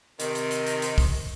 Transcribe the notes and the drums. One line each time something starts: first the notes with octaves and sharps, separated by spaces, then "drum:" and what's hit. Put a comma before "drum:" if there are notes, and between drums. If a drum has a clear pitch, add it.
C3 D#3, drum: hi-hat
drum: hi-hat
drum: hi-hat
drum: hi-hat
drum: hi-hat
drum: kick, open hi-hat